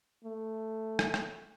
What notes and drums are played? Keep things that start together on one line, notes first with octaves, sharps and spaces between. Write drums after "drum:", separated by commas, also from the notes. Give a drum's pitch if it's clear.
A3
drum: rim click
drum: rim click